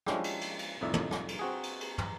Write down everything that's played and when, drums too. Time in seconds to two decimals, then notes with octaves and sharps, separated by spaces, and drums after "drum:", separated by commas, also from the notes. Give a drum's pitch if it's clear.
0.06 F3 G#3 C#4 D4 E4 G4, drum: rim click
0.24 drum: cymbal
0.41 drum: cymbal
0.59 drum: cymbal
0.81 C2 F2 A2 D#4 D5 E5
0.94 drum: tom
1.11 drum: rim click
1.28 drum: cymbal
1.39 C4 F#4 G#4
1.63 drum: cymbal
1.81 drum: cymbal
1.98 drum: tom